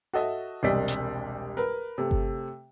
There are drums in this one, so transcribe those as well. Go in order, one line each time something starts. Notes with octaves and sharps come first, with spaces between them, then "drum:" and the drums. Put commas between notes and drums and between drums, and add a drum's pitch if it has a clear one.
F#4 A4 D#5 E5
E1 C2 C3 D5 D#5 B6
drum: hi-hat
A#4 B4
C3 A3
drum: kick G1